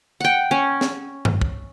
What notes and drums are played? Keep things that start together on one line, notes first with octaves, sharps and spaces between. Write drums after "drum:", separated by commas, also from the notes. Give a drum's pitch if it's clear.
F#5 G5
C#4
drum: snare
drum: tom G2
drum: kick